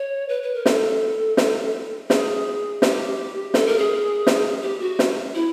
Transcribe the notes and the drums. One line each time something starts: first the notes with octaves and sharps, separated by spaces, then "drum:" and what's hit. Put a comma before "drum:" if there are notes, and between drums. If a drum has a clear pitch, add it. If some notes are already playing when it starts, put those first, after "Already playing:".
Already playing: C#5
B4
B4
A#4
A4, drum: snare
drum: snare
G#4, drum: snare
G4, drum: snare
A4, drum: snare
A#4
G#4
drum: snare
G4
F#4
drum: snare
E4